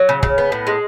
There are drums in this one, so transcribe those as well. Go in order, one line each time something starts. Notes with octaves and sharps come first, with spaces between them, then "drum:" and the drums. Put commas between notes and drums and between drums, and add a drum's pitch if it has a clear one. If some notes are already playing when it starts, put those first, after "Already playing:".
Already playing: F#3
C#3
C#3, drum: kick
B3
A2
G#3